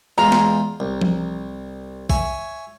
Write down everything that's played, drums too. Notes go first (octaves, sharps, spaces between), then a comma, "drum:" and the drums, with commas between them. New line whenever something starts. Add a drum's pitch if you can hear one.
E2 G#3 F4 A#5
drum: snare
C2
drum: tom F3
C#5 E5 G#5, drum: kick